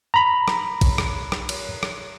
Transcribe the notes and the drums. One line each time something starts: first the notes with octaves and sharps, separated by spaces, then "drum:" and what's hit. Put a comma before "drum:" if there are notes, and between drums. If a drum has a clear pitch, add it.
A#5 B5
drum: rim click
drum: kick A#1, cymbal
drum: rim click
drum: rim click
drum: cymbal
drum: rim click